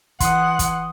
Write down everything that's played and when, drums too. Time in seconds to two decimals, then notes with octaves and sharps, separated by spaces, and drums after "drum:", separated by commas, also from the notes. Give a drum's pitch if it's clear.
0.20 E3 F#5 C6 D#6, drum: kick, hi-hat
0.59 drum: kick, hi-hat